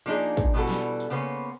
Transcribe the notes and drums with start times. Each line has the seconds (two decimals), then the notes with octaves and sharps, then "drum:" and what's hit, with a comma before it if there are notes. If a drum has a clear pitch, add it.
0.06 F3 A#3 D4 D#4 G#4
0.37 drum: kick, hi-hat
0.54 B2 E3 G3 D4 F#4 A4
0.69 drum: snare
1.00 drum: hi-hat
1.10 C#3 A#3 B3 C5 C#5